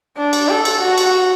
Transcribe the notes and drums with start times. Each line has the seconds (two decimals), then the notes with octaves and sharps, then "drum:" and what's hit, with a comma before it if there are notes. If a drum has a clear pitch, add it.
0.17 D4
0.33 drum: cymbal
0.49 A4
0.65 drum: cymbal
0.81 F#4
0.98 drum: cymbal